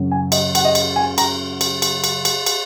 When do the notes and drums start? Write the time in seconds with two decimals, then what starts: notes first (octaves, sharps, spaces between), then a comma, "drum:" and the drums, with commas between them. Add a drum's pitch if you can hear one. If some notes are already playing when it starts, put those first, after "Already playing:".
Already playing: F#2 C#3 F#3
0.11 G#5
0.32 D#5, drum: cymbal
0.55 F#5, drum: cymbal
0.65 D#5
0.75 drum: cymbal
0.96 G#5
1.18 A#5, drum: cymbal
1.61 drum: cymbal
1.82 drum: cymbal
2.04 drum: cymbal
2.25 drum: cymbal
2.46 drum: cymbal